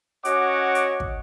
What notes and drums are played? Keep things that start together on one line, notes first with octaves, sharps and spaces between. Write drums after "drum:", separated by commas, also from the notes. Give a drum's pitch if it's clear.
C#4 F#4 C#5 D#5 F#5 D6, drum: hi-hat
drum: hi-hat
drum: kick